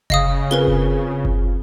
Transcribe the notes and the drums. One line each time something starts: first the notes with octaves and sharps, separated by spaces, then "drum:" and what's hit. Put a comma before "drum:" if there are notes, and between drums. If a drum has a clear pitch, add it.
C#3 D#5 F5 D#6, drum: kick F#1
C4 F4 G#4 A#4 B4 G7
drum: kick F#1
drum: kick F#1